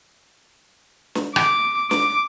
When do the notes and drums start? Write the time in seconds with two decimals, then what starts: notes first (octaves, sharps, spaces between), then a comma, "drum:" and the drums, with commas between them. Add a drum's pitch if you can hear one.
1.15 drum: snare
1.36 D6, drum: rim click
1.91 D6, drum: snare